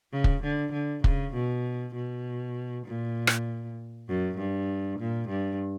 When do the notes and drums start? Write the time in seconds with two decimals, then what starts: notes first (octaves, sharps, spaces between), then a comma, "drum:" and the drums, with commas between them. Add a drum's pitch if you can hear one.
0.13 C#3
0.24 drum: kick
0.43 D3
0.73 D3
1.04 C#3, drum: kick
1.34 B2
1.95 B2
2.86 A#2
3.27 drum: rim click
4.08 F#2
4.38 G2
5.00 A#2
5.29 G2